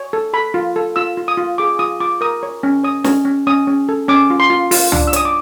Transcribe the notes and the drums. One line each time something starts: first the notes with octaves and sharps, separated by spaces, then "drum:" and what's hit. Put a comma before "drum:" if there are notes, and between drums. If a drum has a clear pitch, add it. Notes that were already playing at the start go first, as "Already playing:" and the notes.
Already playing: C#5
A4
A4 B5
F4
A4
F4 E6
F4
D#6
F4
G#4 D6
F4 D#6
F4 D6
A#4 D#6
C#5
C#4
C#5 D#6
C#4, drum: snare
C#4
C#4 D#6
C#4
A4
C#4 D6
F4
C6
F4
F4, drum: open hi-hat
D4, drum: tom
E6
C#5 D#6, drum: hi-hat
D6